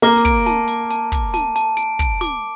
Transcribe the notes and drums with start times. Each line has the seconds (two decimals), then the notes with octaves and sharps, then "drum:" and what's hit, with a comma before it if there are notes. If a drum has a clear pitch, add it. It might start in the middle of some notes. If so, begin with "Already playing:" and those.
0.02 A#3 D6, drum: hi-hat
0.25 D7, drum: kick, hi-hat
0.46 A5, drum: snare
0.68 D6, drum: hi-hat
0.90 A5, drum: hi-hat
1.12 D6, drum: kick, hi-hat
1.34 A5, drum: snare
1.56 A5, drum: hi-hat
1.77 D7, drum: hi-hat
1.99 D7, drum: kick, hi-hat
2.21 D6, drum: snare